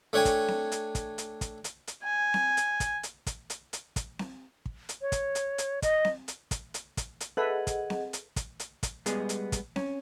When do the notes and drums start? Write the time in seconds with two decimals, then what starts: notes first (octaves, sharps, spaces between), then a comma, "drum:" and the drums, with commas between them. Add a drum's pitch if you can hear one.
0.13 A3 D4 C#5 G5 G#5
0.25 drum: kick, hi-hat
0.48 drum: snare C4
0.72 drum: hi-hat
0.95 drum: kick, hi-hat
1.18 drum: hi-hat
1.41 drum: kick, hi-hat
1.64 drum: hi-hat
1.87 drum: hi-hat
2.04 G#5
2.34 drum: snare C4
2.57 drum: hi-hat
2.80 drum: kick, hi-hat
3.03 drum: hi-hat
3.26 drum: kick, hi-hat
3.50 drum: hi-hat
3.73 drum: hi-hat
3.96 drum: kick, hi-hat
4.19 drum: snare C4
4.66 drum: kick
4.89 drum: hi-hat
5.01 C#5
5.12 drum: kick, hi-hat
5.35 drum: hi-hat
5.58 drum: hi-hat
5.82 D#5, drum: kick, hi-hat
6.05 drum: snare C4
6.28 drum: hi-hat
6.51 drum: kick, hi-hat
6.74 drum: hi-hat
6.97 drum: kick, hi-hat
7.20 drum: hi-hat
7.37 G#4 A4 B4 D#5 E5 F#5
7.67 drum: kick, hi-hat
7.90 drum: snare C4
8.13 drum: hi-hat
8.36 drum: kick, hi-hat
8.60 drum: hi-hat
8.83 drum: kick, hi-hat
9.06 G3 G#3 B3 G#4, drum: hi-hat
9.29 drum: hi-hat
9.52 drum: kick, hi-hat
9.76 C#4, drum: snare C4